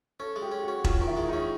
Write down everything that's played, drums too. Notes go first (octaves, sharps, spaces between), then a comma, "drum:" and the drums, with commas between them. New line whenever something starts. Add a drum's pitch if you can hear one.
C#4 A4
G#3
G4
C#4
F#4
C#4
C#4 F4, drum: kick E1
D#3
E4
G#3
C#4 D#4